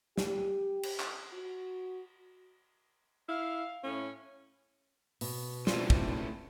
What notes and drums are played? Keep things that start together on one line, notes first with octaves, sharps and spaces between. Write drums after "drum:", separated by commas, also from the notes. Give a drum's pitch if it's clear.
G4, drum: snare
drum: cymbal
drum: clap
F#4
E4 F5
A2 C#4
B2, drum: open hi-hat
C#2 A2 C4 D4 E4 F4, drum: snare
drum: kick